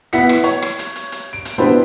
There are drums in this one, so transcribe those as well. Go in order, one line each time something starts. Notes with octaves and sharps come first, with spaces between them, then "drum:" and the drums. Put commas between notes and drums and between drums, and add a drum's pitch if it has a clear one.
B3 E4 F#5 B6 C#7, drum: hi-hat
drum: rim click
C#5, drum: hi-hat
drum: rim click
drum: hi-hat
drum: hi-hat
drum: hi-hat
D7
drum: hi-hat
B3 D4 E4 G4 B4 C5